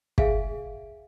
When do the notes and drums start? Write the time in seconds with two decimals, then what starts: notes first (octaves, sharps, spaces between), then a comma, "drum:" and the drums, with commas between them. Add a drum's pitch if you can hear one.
0.18 G#4 E5 F5 G#5, drum: kick